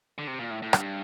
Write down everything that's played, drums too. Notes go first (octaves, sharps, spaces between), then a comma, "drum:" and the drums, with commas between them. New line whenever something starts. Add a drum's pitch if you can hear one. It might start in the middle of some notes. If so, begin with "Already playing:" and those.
D3
C3
A#2
A2
A2
G2, drum: rim click